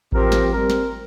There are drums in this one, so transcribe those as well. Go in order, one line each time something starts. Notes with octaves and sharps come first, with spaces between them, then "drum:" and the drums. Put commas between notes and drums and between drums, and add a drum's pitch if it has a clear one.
F3 C4 G4 A#4, drum: kick A1
drum: snare
G3 C4 A#4
drum: snare